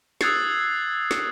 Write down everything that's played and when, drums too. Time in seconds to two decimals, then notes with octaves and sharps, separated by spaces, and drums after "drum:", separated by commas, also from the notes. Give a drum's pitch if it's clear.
0.21 D#6 E6 F#6 G#6 A6 C7, drum: snare
1.11 drum: snare